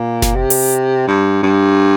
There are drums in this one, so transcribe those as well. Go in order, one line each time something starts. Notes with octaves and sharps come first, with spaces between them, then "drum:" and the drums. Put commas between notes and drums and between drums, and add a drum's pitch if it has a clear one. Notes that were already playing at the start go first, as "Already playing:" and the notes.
Already playing: A#2
drum: snare F#1
C3
drum: open hi-hat
G2
G2